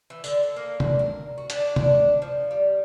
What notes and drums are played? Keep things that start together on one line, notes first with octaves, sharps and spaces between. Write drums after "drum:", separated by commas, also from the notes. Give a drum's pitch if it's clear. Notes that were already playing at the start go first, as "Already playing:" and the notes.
E3
D3, drum: tambourine
A4
A#3
D4, drum: tom C3
A#4
F#4
D4, drum: hi-hat
D4, drum: tom C3
F3
G3